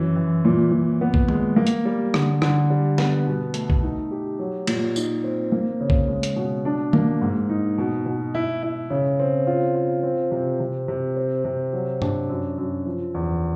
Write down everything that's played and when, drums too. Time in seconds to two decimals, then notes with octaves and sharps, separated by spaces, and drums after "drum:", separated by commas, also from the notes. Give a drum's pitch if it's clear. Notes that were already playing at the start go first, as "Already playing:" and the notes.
Already playing: F#2 E3
0.16 E3
0.45 A#2
0.72 A#2
1.01 B3
1.14 drum: kick B1
1.28 G#3, drum: tom D#3
1.56 A#3
1.67 drum: hi-hat
1.85 G3
2.14 D3, drum: rim click
2.42 D3, drum: rim click
2.70 G3
2.98 B3, drum: snare
3.27 B2
3.54 A3, drum: hi-hat
3.70 drum: kick B1
3.83 D#4
4.11 G4
4.39 F#3
4.67 A#2, drum: cymbal
4.96 D#4, drum: tambourine
5.24 C4
5.52 A#3
5.80 C#3
5.90 drum: kick B1
6.08 G#3
6.23 drum: hi-hat
6.36 B2
6.65 D4
6.93 A#3, drum: tom D#3
7.21 G#2
7.50 D#4
7.78 B2
8.06 B2
8.35 E4
8.63 E4
8.90 C#3
9.19 C4
9.47 F4
9.75 F4
10.03 C4
10.32 C3
10.60 C3
10.88 C3
11.16 C4
11.45 C3
11.73 F#3
12.02 D4, drum: tom G2
12.29 F#2
12.58 F#2
12.85 F3
13.14 E2